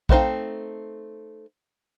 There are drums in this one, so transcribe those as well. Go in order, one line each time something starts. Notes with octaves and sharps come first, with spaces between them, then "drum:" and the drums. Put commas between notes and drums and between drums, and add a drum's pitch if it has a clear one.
G3 A3 C4 D#4 F5, drum: kick A#1